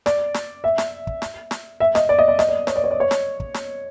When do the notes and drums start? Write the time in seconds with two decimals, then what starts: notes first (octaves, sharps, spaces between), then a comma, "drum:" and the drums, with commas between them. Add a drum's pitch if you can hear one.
0.06 D5, drum: snare
0.34 drum: snare
0.64 E5
0.78 drum: snare
1.07 drum: kick
1.22 drum: snare
1.51 drum: snare
1.80 E5
1.95 D#5, drum: snare
2.09 D5
2.19 D#5
2.28 D5
2.39 D#5, drum: snare
2.48 D5
2.67 C#5, drum: snare
2.76 D5
2.84 C#5
2.91 D5
3.00 C#5
3.11 drum: snare
3.40 drum: kick
3.54 drum: snare